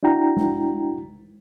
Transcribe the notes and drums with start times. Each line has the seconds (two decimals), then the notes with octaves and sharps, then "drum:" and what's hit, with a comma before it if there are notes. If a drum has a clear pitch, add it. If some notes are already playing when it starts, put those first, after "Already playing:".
0.03 D4 E4 F#4 G5 A#5
0.37 drum: tom G#3